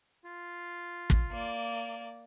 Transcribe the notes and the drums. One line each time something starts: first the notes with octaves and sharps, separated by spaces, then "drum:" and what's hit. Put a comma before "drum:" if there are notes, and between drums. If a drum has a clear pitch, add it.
F4
drum: kick
A#3 D5